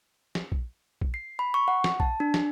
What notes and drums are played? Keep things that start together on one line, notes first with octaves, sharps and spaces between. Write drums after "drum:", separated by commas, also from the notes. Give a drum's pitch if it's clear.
drum: snare
drum: kick A#1
drum: kick A#1
C7
B5
C#6
F#5
drum: snare
A5, drum: kick A#1
D4
drum: snare